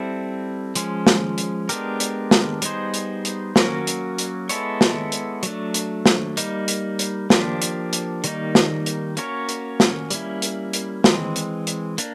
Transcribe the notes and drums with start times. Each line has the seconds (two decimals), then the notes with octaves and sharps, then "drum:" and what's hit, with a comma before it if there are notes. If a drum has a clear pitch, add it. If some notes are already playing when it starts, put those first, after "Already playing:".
Already playing: G3 C4 E4 A4
0.75 F3 G#3 C#4, drum: hi-hat
1.07 drum: snare
1.38 drum: hi-hat
1.69 G#3 B3 D4 G4 A#4, drum: hi-hat
2.00 drum: hi-hat
2.31 drum: snare
2.62 G3 B3 D#4 G#4 C5, drum: hi-hat
2.94 drum: hi-hat
3.25 drum: hi-hat
3.56 F#3 A#3 C#4 F#4 A#4, drum: snare
3.87 drum: hi-hat
4.18 drum: hi-hat
4.49 G#3 B3 E4 A4 C#5, drum: hi-hat
4.81 drum: snare
5.12 drum: hi-hat
5.43 F#3 A3 D4, drum: hi-hat
5.74 drum: hi-hat
6.06 drum: snare
6.37 G3 A#3 D#4, drum: hi-hat
6.68 drum: hi-hat
6.99 drum: hi-hat
7.30 F3 A#3 D4 G4, drum: snare
7.62 drum: hi-hat
7.93 drum: hi-hat
8.24 D#3 G3 A#3 D#4, drum: hi-hat
8.55 drum: snare
8.86 drum: hi-hat
9.17 A#3 C#4 F#4 A#4 C#5, drum: hi-hat
9.49 drum: hi-hat
9.80 drum: snare
10.10 G3 A#3 C#4 E4, drum: hi-hat
10.42 drum: hi-hat
10.73 drum: hi-hat
11.04 E3 G#3 C4, drum: snare
11.36 drum: hi-hat
11.67 drum: hi-hat
11.98 A#3 D4, drum: hi-hat